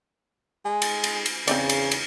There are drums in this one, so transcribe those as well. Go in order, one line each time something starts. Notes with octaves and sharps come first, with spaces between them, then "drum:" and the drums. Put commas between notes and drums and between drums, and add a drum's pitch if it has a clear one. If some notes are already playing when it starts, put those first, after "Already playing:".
G#3 G#5
drum: cymbal
drum: cymbal
drum: cymbal
E2 C#3 C4 D#4 D5, drum: cymbal
drum: cymbal
drum: cymbal